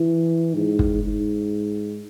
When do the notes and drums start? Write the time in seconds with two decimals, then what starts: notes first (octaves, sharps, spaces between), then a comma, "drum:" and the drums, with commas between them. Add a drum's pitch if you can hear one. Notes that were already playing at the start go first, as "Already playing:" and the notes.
Already playing: E3
0.55 G#2
0.79 drum: kick
1.03 G#2